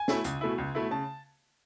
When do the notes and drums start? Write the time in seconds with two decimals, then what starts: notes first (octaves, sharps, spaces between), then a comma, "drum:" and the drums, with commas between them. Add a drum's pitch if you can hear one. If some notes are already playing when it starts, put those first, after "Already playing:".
Already playing: G#5
0.08 B2 A3 E4, drum: snare
0.24 C#2, drum: hi-hat
0.41 B2 A3 E4
0.58 C#2
0.75 B2 A3 E4
0.91 C#3 A5